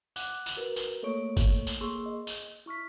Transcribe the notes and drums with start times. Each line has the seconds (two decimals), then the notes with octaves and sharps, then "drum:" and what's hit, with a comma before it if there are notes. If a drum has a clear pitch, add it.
0.16 F#5 D6 F#6, drum: tambourine
0.46 drum: tambourine
0.56 F#4 A#4 B4
0.76 drum: tambourine
1.03 A3 A#3 A4 C#5 C#6 D7
1.37 drum: kick F#1, tambourine
1.67 drum: tambourine
1.81 A#3 G#4 C6 C#6 E6
2.06 D#5
2.27 drum: tambourine
2.66 E4 C#6 F6 B6